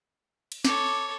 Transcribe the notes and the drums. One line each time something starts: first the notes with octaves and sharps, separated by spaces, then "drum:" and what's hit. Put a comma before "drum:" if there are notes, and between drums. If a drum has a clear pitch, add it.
drum: cymbal
A4 C#5 D6, drum: snare